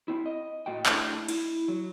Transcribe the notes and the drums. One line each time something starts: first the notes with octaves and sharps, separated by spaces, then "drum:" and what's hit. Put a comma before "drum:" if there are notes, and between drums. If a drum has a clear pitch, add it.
C4 E4
D#5
A2 F#4 D#5 G5
A3 D4 E4 G#4 D#5 E5, drum: clap
E4, drum: cymbal
F#3